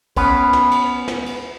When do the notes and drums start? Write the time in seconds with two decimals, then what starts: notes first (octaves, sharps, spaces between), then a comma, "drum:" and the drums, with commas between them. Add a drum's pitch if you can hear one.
0.16 B3 C#4 B4, drum: kick B1, cymbal
0.53 drum: snare
0.71 drum: cymbal
1.08 drum: snare
1.26 drum: cymbal